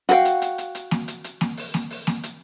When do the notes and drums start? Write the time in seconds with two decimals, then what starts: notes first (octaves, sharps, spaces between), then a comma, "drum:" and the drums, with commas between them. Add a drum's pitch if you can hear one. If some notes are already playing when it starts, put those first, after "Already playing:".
0.09 F#4 G#4 A4 F5 G5, drum: hi-hat
0.25 drum: hi-hat
0.42 drum: hi-hat
0.58 drum: hi-hat
0.75 drum: hi-hat
0.91 drum: snare A#3
1.08 drum: hi-hat
1.24 drum: hi-hat
1.41 drum: snare A#3
1.57 drum: open hi-hat
1.74 drum: snare A#3
1.90 drum: open hi-hat
2.07 drum: snare A#3
2.23 drum: hi-hat